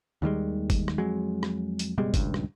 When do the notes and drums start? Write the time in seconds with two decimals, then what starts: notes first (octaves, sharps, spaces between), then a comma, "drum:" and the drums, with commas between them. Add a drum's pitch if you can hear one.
0.22 D#2 D#3 G3 G#3
0.70 drum: kick F#1, hi-hat
0.88 drum: rim click
0.98 F2 F#3 G#3
1.43 drum: rim click
1.79 drum: hi-hat
1.98 F#1 B2 G3 G#3
2.14 D#1 C#2 G2, drum: kick F#1, hi-hat
2.34 drum: rim click